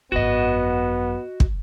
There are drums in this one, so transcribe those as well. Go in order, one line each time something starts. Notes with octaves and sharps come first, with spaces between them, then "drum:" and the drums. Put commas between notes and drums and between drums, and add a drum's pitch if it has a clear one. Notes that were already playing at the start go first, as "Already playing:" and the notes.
G#1 F#2 B3 F#4 D#5
drum: kick